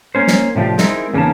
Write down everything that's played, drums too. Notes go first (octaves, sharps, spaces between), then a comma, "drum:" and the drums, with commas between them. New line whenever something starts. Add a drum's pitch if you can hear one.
A#3 C#4 C5
drum: snare
A2 C3 F3 D4 G4
G#3 C4 D#4 E4 A#4, drum: snare
E2 C#3 A#3 C#4 D#4 A5